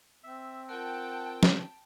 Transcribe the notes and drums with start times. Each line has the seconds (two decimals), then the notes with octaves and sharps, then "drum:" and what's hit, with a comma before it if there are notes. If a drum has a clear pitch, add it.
0.24 C4 E5
0.69 F4 A#4 F#5 G5 A5
1.43 drum: snare